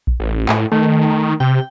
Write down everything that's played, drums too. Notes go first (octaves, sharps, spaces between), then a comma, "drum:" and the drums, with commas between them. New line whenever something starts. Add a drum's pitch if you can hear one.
drum: kick A#1
A1
A2, drum: clap
D#3 A3
C3 G5